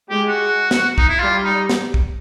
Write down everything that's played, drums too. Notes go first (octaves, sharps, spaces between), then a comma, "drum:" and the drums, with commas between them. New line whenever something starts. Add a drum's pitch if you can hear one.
G#3 G4
F#4
drum: snare
D#4, drum: kick
E4
G3 F4
D#4
drum: snare
drum: kick